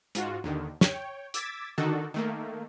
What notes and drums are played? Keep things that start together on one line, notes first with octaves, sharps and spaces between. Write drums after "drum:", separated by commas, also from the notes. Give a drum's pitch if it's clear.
G#2 F4 F#4, drum: hi-hat
D#2 D3 D#3
C#5 G5, drum: snare
D6 E6 G#6 A6 B6, drum: hi-hat
D3 D#3 D4 D#4 F#4 A4
D#3 A3 A#3